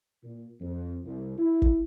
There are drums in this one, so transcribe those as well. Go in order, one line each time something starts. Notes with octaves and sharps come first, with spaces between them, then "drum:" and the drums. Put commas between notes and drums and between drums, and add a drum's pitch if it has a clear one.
A#2
F2
C2
E4
drum: kick